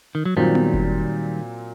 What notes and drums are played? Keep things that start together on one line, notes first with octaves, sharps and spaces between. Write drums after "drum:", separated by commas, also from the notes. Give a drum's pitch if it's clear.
D#3
F#3
A#2 D#3 F#3 G3 C4
drum: tom B3
drum: kick F#1